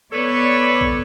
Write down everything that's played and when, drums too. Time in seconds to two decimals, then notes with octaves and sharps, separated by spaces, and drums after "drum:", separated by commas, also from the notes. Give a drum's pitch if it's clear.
0.12 B3 A4 B4 C#5 D5
0.81 drum: kick